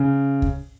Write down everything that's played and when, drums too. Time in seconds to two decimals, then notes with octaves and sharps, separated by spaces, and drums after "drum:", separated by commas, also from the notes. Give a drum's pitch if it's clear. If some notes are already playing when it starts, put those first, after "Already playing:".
Already playing: C#3
0.42 drum: kick